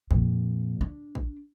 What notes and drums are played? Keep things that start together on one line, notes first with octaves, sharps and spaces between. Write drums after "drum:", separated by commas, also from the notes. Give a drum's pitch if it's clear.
F2 A#2, drum: kick
D4
drum: kick